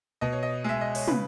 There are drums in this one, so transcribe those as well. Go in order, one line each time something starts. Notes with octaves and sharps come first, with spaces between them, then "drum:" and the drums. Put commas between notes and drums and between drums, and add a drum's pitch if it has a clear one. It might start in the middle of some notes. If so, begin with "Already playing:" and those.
B2 D#5
C#5
D#5
G#3 E5
D#5
C#5, drum: open hi-hat
C#3 B4, drum: tom